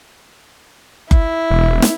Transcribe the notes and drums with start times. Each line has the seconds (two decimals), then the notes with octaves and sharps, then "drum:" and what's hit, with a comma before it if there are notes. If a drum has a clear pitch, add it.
1.11 E4, drum: kick F#1
1.51 E1
1.82 drum: snare